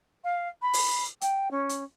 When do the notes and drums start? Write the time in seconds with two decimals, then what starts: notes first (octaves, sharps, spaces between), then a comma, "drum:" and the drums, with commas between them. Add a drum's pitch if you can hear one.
0.24 F5
0.62 B5
0.73 drum: open hi-hat
1.21 G5, drum: hi-hat
1.51 C#4
1.69 drum: hi-hat